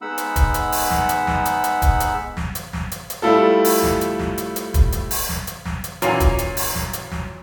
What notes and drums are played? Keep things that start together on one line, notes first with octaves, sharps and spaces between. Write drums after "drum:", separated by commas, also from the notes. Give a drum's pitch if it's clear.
G#3 B3 D#4 F#5 B5 E6
drum: hi-hat
drum: kick, hi-hat
drum: hi-hat
drum: open hi-hat
drum: snare
drum: hi-hat
drum: snare
drum: hi-hat
drum: hi-hat
drum: kick, hi-hat
drum: hi-hat
drum: snare
drum: hi-hat
drum: snare
drum: hi-hat
drum: hi-hat
G3 A3 E4 F4 A4
drum: open hi-hat
drum: snare
drum: hi-hat
drum: snare
drum: hi-hat
drum: hi-hat
drum: kick, hi-hat
drum: hi-hat
drum: open hi-hat
drum: snare
drum: hi-hat
drum: snare
drum: hi-hat
A#2 E3 F#3 A#3 C#4, drum: hi-hat
drum: kick, hi-hat
drum: hi-hat
drum: open hi-hat
drum: snare
drum: hi-hat
drum: snare